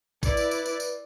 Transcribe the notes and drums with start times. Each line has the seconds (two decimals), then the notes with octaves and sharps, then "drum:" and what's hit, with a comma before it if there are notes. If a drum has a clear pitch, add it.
0.23 E4 B4 D5, drum: kick A1, tambourine
0.37 drum: tambourine
0.51 drum: tambourine
0.66 drum: tambourine
0.80 drum: tambourine